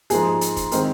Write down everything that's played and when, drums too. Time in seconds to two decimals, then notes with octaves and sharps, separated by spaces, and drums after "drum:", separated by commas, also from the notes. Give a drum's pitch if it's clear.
0.10 G#2 F3 A#3 G#4, drum: hi-hat
0.41 drum: hi-hat
0.57 drum: kick, hi-hat
0.72 D#3 G#3 C4 A#4, drum: hi-hat